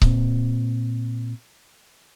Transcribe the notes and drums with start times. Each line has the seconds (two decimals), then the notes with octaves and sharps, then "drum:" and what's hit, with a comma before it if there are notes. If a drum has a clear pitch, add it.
0.02 A#2 C4, drum: kick C#1